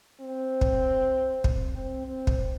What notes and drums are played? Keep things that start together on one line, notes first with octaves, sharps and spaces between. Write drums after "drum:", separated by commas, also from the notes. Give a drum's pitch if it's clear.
C4
drum: kick
drum: kick
C4
C4
drum: kick